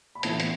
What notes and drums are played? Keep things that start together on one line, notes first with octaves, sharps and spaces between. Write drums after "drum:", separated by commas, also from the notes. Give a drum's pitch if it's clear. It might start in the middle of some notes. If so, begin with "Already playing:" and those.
B5
A2 E3 B3 F4 A5, drum: hi-hat
drum: hi-hat